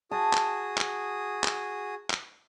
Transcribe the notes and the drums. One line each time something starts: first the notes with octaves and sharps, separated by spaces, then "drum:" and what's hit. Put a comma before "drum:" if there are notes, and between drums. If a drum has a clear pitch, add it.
F#4 G#4 A5 D#6
drum: clap
drum: clap
drum: clap
drum: clap